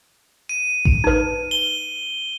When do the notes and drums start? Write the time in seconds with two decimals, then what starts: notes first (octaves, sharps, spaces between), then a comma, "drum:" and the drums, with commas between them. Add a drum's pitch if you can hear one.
0.49 D#7
0.85 drum: kick A1
1.04 D#4 B4
1.51 G7